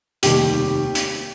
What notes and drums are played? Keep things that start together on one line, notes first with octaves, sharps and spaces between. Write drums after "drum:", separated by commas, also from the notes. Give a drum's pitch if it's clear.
F1 D#2 D#3 G3 G4, drum: hi-hat
drum: hi-hat